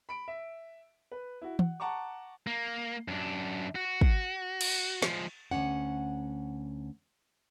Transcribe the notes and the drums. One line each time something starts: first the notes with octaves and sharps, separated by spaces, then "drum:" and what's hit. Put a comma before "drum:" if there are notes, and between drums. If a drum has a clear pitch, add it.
B5 D7
E5
B4
E4 F#4
F#5, drum: tom
F#5 A5 A#5 C#6 D6
A#3
F#2 D4
F#4
drum: kick
drum: cymbal
F3 G#3, drum: snare
D2 B2 C#4 F#5